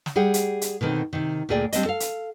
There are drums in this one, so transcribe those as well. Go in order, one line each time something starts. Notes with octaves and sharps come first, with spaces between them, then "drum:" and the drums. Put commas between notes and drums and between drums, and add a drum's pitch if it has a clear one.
drum: snare
G3 G#4 F#5 G5
drum: hi-hat
drum: hi-hat
B2 D3 D#3 C4
C3 D#3
D2 A#2 G#4 D5 G5
G3 C4 D4 D#5, drum: hi-hat
A4 F5
drum: hi-hat